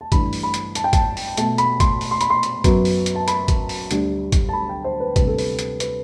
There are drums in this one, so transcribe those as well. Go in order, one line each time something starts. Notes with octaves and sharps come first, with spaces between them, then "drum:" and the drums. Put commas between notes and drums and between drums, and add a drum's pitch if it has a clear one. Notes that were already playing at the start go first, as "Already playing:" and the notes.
A5
G2 E3 A3 B5, drum: kick, hi-hat
drum: open hi-hat
B5
drum: hi-hat
A5, drum: hi-hat
G5
A5, drum: kick, hi-hat
drum: open hi-hat
B2 A3 A5, drum: hi-hat
B5, drum: hi-hat
C6, drum: kick, hi-hat
drum: open hi-hat
C6
B5, drum: hi-hat
C6
drum: hi-hat
F#2 F#3 B3, drum: kick, hi-hat
drum: open hi-hat
drum: hi-hat
A5
B5, drum: hi-hat
drum: kick, hi-hat
drum: open hi-hat
D2 D3 G3, drum: hi-hat
drum: kick, hi-hat
A5
B5
G5
C5
B4
D2 C3 G3 B3 B4, drum: kick, hi-hat
A4
B4, drum: open hi-hat
drum: hi-hat
B4, drum: hi-hat